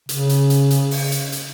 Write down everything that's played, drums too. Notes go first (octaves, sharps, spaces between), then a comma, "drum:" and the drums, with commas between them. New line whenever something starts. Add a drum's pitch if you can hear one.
C#3, drum: hi-hat
drum: hi-hat
drum: hi-hat
drum: hi-hat
drum: open hi-hat
drum: hi-hat
drum: hi-hat